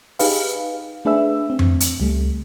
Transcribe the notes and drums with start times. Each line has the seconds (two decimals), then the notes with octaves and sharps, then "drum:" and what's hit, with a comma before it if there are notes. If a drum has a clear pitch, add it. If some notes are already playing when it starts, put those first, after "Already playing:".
0.19 D#4 G4 G#4 B4 F5, drum: open hi-hat
1.05 A3 D4 G#4 B4 E5 E6
1.50 C4
1.59 drum: tom F2
1.80 drum: hi-hat
2.00 C#2 G3 A3